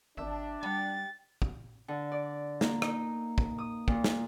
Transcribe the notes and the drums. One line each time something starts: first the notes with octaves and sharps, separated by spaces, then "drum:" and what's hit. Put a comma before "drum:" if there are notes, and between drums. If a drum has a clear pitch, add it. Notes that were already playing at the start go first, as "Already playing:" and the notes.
G#1 D4 G4 E5
G3 G4 F#5 A6
drum: kick
D3
D5
A#3, drum: snare
D#4, drum: rim click
drum: kick
D#6
A#2, drum: kick
drum: snare